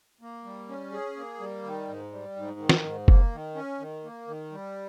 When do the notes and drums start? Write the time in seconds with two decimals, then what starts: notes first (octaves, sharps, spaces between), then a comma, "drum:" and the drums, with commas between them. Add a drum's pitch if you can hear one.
0.21 A#3
0.44 G3
0.69 C#4
0.92 G#4
1.16 A#3
1.40 G3
1.63 D#3
1.88 G#2
2.12 G3
2.36 G#2
2.59 D#3
2.69 drum: snare
2.84 G#2
3.08 A#3, drum: kick F#1
3.32 D#3
3.55 C#4
3.80 D#3
4.04 A#3
4.28 D#3
4.52 G3